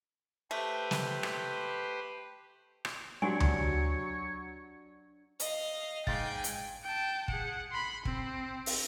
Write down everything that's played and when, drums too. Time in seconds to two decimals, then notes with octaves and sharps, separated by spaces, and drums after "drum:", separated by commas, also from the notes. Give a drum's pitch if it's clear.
0.51 A3 G4 B4 C5
0.91 drum: snare
1.23 drum: rim click
2.85 drum: rim click
3.22 F#3 D4 F#4 G4 C#5 G#5
3.40 drum: tom D2
5.40 D#5 F5, drum: hi-hat
6.07 G#2 F5 G5 G#5 A6, drum: kick
6.44 drum: hi-hat
6.84 G5 A5
7.28 G#4 F#5, drum: kick
7.71 B5 C6
8.05 C4, drum: kick
8.66 drum: open hi-hat